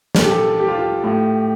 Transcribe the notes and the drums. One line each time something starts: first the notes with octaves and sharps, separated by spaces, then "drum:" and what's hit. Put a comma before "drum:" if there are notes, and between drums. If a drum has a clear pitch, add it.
A#2 A4, drum: snare
G4
A4
G4
F4
G4
A2